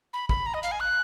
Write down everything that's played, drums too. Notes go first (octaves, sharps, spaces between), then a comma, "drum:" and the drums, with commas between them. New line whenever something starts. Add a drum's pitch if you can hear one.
B5
B5, drum: kick
A#5
D#5
F5, drum: hi-hat
G#5
F#6